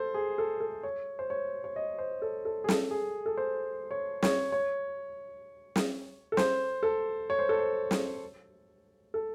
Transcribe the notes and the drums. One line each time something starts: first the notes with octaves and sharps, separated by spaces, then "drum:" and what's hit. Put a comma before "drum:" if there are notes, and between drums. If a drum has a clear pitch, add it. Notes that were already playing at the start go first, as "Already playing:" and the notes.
Already playing: A4 C5
G#4
A4
A4
C#5
C5
C#5
C#5
D#5
C5
A4
A4
G#4
A4, drum: snare
G#4
A4
C5
C#5
C#5, drum: snare
C#5
drum: snare
A4
C5, drum: snare
A4
C#5
C5
A4
C5
drum: snare
A4